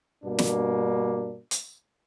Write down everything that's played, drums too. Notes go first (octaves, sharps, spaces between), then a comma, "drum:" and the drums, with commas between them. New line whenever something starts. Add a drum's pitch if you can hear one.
G2 B2 A#3 D4
drum: snare
drum: hi-hat